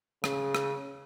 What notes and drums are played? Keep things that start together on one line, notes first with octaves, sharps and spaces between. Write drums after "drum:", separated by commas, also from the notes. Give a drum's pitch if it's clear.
C#3, drum: rim click
drum: rim click